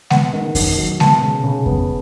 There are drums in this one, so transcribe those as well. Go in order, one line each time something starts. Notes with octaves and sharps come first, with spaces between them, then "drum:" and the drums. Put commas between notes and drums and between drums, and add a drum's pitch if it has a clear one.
B3 F#5, drum: snare G#3
D#3
D#3, drum: kick F2, open hi-hat
F#3
B3 A5, drum: snare G#3
C#3
C#3
B3, drum: kick F2